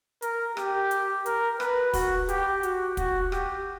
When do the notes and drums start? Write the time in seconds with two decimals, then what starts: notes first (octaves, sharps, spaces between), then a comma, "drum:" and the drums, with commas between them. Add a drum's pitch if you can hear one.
0.22 A#4, drum: hi-hat
0.57 G4, drum: rim click
0.91 drum: hi-hat
1.26 A#4, drum: hi-hat
1.60 B4, drum: rim click
1.93 F#4, drum: kick, open hi-hat
2.29 G4, drum: hi-hat
2.63 F#4, drum: hi-hat
2.97 F#4, drum: kick, hi-hat
3.32 G4, drum: rim click